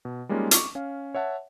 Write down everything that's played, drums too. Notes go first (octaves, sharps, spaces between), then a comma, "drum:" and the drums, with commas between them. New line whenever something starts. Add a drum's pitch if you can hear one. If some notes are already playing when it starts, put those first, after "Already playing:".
B2
G3 G#3 A#3 C#4 D#4 F4
C#6 D6, drum: hi-hat
C#4 F5
C#5 E5 F#5 A5